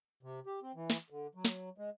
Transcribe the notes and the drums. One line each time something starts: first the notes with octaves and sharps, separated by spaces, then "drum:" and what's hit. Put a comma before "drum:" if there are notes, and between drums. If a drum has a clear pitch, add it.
C3
G4
C4
E3
drum: snare
D3
F#3
drum: snare
G#3